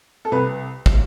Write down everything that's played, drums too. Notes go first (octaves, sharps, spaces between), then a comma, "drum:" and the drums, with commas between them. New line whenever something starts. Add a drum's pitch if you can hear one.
A4
C2 B4
drum: kick